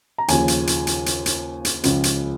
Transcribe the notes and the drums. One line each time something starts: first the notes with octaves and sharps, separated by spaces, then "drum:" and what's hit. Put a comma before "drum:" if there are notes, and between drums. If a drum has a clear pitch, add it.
A#5
D#2 C#3 F3 G#5, drum: hi-hat
drum: hi-hat
drum: hi-hat
drum: hi-hat
drum: hi-hat
drum: hi-hat
drum: hi-hat
C#2 C#3 F3, drum: hi-hat
drum: hi-hat